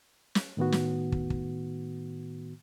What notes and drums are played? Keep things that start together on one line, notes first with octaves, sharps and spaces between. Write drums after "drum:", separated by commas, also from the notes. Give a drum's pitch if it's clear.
drum: snare
A2 D#3 B3 F#4
drum: snare
drum: kick
drum: kick